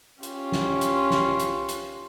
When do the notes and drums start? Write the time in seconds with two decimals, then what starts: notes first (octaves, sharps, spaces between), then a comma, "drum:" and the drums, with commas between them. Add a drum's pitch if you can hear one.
0.23 C#4 F4 G4, drum: hi-hat
0.52 drum: snare
0.81 drum: hi-hat
1.10 drum: snare
1.40 drum: hi-hat
1.69 drum: hi-hat